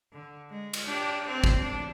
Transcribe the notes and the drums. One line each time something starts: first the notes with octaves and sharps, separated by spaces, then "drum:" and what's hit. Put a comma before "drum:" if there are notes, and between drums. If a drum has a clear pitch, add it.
D3
G#3
drum: cymbal
D4 G4
C4 D4
drum: kick
D4